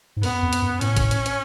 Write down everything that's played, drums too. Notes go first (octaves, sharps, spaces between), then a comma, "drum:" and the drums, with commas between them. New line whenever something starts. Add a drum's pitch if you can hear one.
G#2
F#2 B3, drum: open hi-hat
F2
drum: hi-hat
F#2
A2 C#4, drum: hi-hat
drum: kick, hi-hat
drum: hi-hat
drum: hi-hat